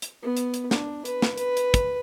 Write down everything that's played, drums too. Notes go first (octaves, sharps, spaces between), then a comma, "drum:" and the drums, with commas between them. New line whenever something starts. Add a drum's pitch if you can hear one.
drum: hi-hat
B3
drum: hi-hat
drum: hi-hat
D4, drum: snare
B4, drum: hi-hat
drum: snare
B4, drum: hi-hat
drum: hi-hat
drum: kick, hi-hat